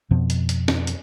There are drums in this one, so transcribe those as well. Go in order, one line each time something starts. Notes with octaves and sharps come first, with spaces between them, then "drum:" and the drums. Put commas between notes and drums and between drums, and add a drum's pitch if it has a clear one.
F2 B2 F3 B3
drum: hi-hat
drum: hi-hat
drum: snare
drum: hi-hat